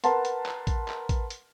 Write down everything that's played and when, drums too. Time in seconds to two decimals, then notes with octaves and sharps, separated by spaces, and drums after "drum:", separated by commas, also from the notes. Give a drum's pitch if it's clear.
0.04 A#4 B4 F#5 A5 C6, drum: hi-hat
0.25 drum: hi-hat
0.46 drum: clap
0.67 drum: kick A1, hi-hat
0.88 drum: clap
1.09 drum: kick A1, hi-hat
1.30 drum: hi-hat